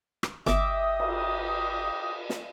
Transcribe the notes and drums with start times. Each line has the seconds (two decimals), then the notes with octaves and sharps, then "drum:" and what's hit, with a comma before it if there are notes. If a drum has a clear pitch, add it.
0.23 drum: rim click
0.46 G1 G4 D#5 E5 D6 D#6, drum: snare
1.00 drum: cymbal
2.30 drum: snare